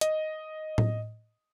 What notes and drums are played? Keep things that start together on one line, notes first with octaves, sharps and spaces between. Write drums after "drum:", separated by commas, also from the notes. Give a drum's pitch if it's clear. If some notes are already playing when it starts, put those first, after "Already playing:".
D#5, drum: hi-hat
drum: tom A2